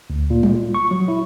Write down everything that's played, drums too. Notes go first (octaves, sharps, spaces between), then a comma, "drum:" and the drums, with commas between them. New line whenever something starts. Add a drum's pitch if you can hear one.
D2
A#2
drum: tom
F4
C#6
F#3
E4